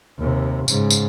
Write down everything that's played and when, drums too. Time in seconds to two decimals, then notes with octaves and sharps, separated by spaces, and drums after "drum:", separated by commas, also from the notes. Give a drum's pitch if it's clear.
0.19 D#2 C3
0.68 G#2 C#3, drum: tambourine
0.90 drum: tambourine